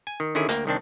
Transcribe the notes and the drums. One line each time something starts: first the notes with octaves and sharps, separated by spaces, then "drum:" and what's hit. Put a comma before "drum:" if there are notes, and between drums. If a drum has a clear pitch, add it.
G#5
D#3
D3 D#3 C#4 E4 G#4
D2 A#3 G5, drum: hi-hat
C2 D#3 C4 D4